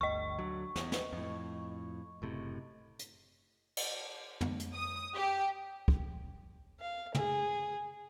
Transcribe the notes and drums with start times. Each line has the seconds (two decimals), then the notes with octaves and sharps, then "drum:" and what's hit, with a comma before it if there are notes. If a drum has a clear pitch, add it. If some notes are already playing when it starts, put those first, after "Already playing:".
0.01 G1 D2 D#5 C#6
0.39 D2 D3 F#3
0.76 E2, drum: snare
0.92 drum: snare
1.13 F2 A2
2.22 F#1 A2 C3
2.99 drum: hi-hat
3.77 drum: cymbal
4.41 drum: tom
4.60 drum: hi-hat
4.75 D#6
5.15 G4
5.88 drum: kick
6.80 F5
7.15 G#4, drum: tom